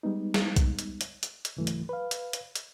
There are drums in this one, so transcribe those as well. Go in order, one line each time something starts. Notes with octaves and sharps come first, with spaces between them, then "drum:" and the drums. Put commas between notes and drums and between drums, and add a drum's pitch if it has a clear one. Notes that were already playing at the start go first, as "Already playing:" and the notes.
G3 G#3 B3 D#4
drum: snare
drum: kick B1, hi-hat
drum: hi-hat
drum: hi-hat
drum: hi-hat
drum: hi-hat
C#2 G#2 E3 F#3 A3
drum: hi-hat
B4 F5
drum: hi-hat
drum: hi-hat
drum: hi-hat